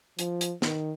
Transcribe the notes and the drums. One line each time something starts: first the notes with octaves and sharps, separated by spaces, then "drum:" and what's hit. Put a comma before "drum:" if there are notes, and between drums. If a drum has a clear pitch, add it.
F3, drum: hi-hat
drum: hi-hat
D#3, drum: snare